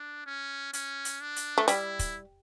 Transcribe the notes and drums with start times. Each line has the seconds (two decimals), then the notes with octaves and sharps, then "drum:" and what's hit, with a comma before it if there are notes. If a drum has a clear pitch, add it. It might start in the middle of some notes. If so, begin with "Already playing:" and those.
Already playing: D4
0.26 C#4
0.73 C#4, drum: hi-hat
1.05 drum: hi-hat
1.21 D4
1.36 drum: hi-hat
1.58 A3
1.68 G3 E4, drum: hi-hat
1.99 drum: kick, hi-hat